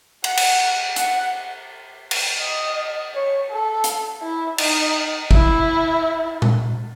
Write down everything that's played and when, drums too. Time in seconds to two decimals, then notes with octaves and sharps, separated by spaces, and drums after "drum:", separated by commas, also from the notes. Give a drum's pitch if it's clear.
0.24 F#5, drum: cymbal
0.37 drum: cymbal
0.96 F#5, drum: hi-hat
2.11 drum: cymbal
2.41 D#5
3.14 C#5
3.50 A4
3.84 drum: hi-hat
4.22 E4
4.58 D#4, drum: cymbal
5.31 E4, drum: kick G#1
6.42 drum: tom A#2